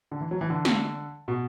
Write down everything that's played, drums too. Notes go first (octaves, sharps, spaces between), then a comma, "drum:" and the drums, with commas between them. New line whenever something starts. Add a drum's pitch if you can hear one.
D3
E3
F#3
E3
D3
drum: snare
B2